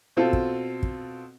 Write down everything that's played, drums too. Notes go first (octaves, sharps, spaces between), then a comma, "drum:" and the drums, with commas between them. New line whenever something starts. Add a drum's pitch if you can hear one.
B2 C4 F4 A4
drum: kick
drum: kick